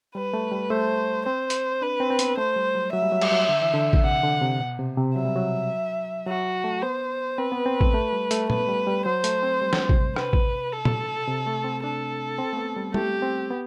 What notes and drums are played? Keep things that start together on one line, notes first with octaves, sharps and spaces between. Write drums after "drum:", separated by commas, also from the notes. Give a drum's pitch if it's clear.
G3 B4
A3
G3
A3 C5
C4 C5
drum: hi-hat
D4 B4
C4
C4
B3, drum: hi-hat
A3 C5
G3
F#3
F#3 E5
G3
F#3
G3, drum: cymbal
F#3
D3
E3
D3
drum: kick A1
C3 F#5
D3
C3
B2
C3
C3
F#3 E5
G3
F#3
F#3 F#4
A3
B3 C5
C4 B4
B3
C4
A3, drum: kick A1
A3
G3
A3, drum: hi-hat
B3 B4, drum: tom A#2
G3
G3
F#3 C5
A3, drum: hi-hat
C4
G3
drum: snare
C3, drum: kick A1
B4, drum: rim click
drum: kick A1
A4
drum: tom A#2
C3
A3
C4
D4 A4
C4
A3
B3
G3
A3 G4, drum: tom G3
C4
B3